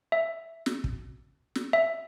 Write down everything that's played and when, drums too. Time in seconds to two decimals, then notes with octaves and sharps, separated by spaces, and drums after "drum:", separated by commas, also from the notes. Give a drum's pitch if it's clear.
0.12 E5
0.66 drum: snare
0.84 drum: kick
1.55 drum: snare
1.73 E5